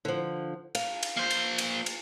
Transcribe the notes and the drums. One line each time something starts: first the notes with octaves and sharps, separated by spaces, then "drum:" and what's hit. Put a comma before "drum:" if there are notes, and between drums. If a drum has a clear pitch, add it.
D3 F3
F5, drum: cymbal
drum: cymbal
A#3 C5
drum: cymbal
drum: cymbal
drum: cymbal